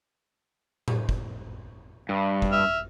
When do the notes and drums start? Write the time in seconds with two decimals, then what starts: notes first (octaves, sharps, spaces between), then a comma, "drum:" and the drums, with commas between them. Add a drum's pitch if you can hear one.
0.88 drum: tom A2
1.09 drum: kick
2.09 G2
2.42 drum: kick
2.52 E5 F6